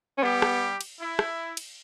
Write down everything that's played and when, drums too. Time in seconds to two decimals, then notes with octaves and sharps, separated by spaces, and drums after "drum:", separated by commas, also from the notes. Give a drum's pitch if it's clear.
0.18 C#4
0.23 G3 B3 G4
0.42 drum: rim click
0.81 drum: cymbal
0.99 E4
1.19 drum: rim click
1.57 drum: cymbal